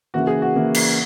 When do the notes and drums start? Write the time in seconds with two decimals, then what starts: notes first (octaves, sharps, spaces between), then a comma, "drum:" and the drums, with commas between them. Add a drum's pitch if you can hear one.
0.14 C#3 E3 A#3 F#4
0.27 G#4
0.42 F#4
0.56 C#3 E3 A#3
0.74 drum: cymbal